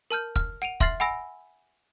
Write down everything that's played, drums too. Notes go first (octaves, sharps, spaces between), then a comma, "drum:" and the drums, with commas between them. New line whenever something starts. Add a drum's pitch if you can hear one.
A#4 A5 F6 G6
F6, drum: kick
F#5 D7 D#7 F7
E5 C6 F6 A6 C7 F#7, drum: kick
F#5 G#5 B5 E6 A#6 D7